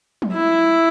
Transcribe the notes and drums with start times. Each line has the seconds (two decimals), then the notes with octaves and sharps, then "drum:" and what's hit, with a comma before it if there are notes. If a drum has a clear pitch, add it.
0.22 drum: tom F3
0.33 E4